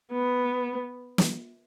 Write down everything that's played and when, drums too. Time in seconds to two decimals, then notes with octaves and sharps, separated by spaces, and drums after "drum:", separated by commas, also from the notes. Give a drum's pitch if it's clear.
0.11 B3
1.18 drum: snare